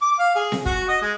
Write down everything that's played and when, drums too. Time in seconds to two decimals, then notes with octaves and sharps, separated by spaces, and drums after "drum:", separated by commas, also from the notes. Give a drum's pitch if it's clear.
0.02 D6
0.19 F5
0.36 G#4
0.52 drum: snare C4
0.66 F#4, drum: kick
0.89 D#5
1.02 G#3